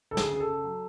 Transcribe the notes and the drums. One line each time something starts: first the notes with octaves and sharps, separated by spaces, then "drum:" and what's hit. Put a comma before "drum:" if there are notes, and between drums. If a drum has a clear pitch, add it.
D2 A4
G#4, drum: snare
C#3
G#4
A4
C#3
F#3